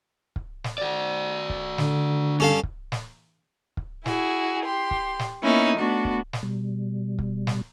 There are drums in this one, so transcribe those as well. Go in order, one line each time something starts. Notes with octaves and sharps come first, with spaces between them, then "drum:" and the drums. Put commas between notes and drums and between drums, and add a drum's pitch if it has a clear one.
drum: kick
drum: snare
F#4 D5
drum: kick
D3, drum: snare
G2 C#4 A4 F5
drum: kick
drum: snare
drum: kick
E4 F#4 G#4, drum: snare
G4 C6
drum: kick
drum: snare
A#3 B3 C#4 D#4 E4
A3 B3 D4 F#4
drum: kick
drum: snare
B2 G3
drum: kick
drum: snare